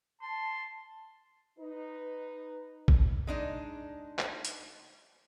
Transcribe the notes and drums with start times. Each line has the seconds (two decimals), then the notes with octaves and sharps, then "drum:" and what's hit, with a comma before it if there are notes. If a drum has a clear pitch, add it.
0.22 A5 C6
1.58 D#4 B4
2.88 drum: kick
3.27 G#3 D4 D#4
4.18 drum: clap
4.45 drum: hi-hat